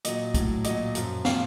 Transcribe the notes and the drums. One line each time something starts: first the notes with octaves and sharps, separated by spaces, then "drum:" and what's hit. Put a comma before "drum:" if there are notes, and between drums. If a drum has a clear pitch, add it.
A#2 F#3 D#5, drum: hi-hat
A2 F#3, drum: kick, hi-hat
A#2 F#3 D#5, drum: hi-hat
F#2 F3, drum: hi-hat
A#2 F3 F5, drum: snare